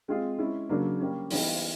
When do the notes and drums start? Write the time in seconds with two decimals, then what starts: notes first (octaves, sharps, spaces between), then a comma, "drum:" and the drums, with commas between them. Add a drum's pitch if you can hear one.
0.08 G#3 C4 F4 G#4
0.39 G#3 C#4 E4
0.69 C#3 F#3 A#3 D4
1.00 G3 A#3 C#4
1.30 E3 G3 B3 D#4, drum: open hi-hat